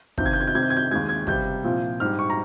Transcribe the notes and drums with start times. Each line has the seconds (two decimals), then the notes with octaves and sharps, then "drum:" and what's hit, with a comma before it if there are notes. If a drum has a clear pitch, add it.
0.18 C#2 C3 D#3 G6, drum: kick
0.26 G#6
0.33 G6
0.41 G#6
0.47 G6
0.55 C2 C3 D#3 G#6
0.62 G6
0.70 G#6
0.77 G6
0.91 D#2 D#3 G#3 G#6
1.09 G#6
1.27 C#2 C3 G3 G6, drum: kick
1.64 C2 A#2 F3
2.00 G#2 G3 F6
2.19 C#6
2.30 A#5